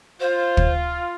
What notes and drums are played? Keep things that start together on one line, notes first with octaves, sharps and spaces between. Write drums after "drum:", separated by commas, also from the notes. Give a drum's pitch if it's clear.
F4 C5
drum: kick